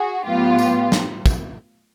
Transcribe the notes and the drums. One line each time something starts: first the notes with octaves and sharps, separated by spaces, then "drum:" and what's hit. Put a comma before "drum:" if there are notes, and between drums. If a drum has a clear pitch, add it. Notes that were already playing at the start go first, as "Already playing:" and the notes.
Already playing: F#4 G#4
A2 F#3 B3 F4 G4
drum: tambourine
drum: snare
drum: kick, tambourine